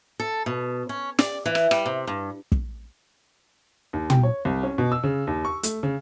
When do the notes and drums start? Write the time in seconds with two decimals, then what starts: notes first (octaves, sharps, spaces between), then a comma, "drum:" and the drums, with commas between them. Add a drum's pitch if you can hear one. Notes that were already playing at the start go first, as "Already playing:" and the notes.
0.20 A4
0.46 B2
0.89 C#4
1.19 D5, drum: snare
1.46 E3
1.55 drum: rim click
1.71 G3, drum: rim click
1.86 C3
2.07 G2
2.52 drum: kick
3.93 D#2
4.10 G5, drum: tom
4.23 C#5
4.45 C2
4.63 C#4
4.78 B2
4.92 E6
5.03 C#3
5.27 D#2
5.45 C#6
5.63 A3, drum: hi-hat
5.83 C#3